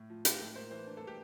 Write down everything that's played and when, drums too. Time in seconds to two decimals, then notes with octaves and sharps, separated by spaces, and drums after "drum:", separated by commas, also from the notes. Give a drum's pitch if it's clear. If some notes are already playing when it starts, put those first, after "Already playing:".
Already playing: A2
0.10 F3
0.25 A3 G4, drum: hi-hat
0.40 A2 A4
0.56 A#3 C5
0.71 E3 C5
0.87 D4
0.97 A4
1.02 A#3
1.07 G4